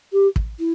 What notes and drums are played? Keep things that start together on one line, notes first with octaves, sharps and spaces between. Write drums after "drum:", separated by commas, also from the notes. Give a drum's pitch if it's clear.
G4
drum: kick
E4